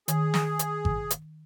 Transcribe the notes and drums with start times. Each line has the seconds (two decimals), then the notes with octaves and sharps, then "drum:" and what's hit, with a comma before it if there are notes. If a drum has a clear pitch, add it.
0.08 D#3 G#4, drum: hi-hat
0.34 drum: snare
0.59 drum: hi-hat
0.85 drum: kick G#1
1.11 drum: hi-hat